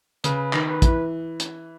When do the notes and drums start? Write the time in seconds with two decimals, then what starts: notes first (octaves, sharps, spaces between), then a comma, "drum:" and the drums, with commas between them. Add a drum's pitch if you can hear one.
0.24 C#3 B4, drum: hi-hat
0.53 D#3, drum: clap
0.68 B4
0.82 E3, drum: kick, hi-hat
1.40 drum: hi-hat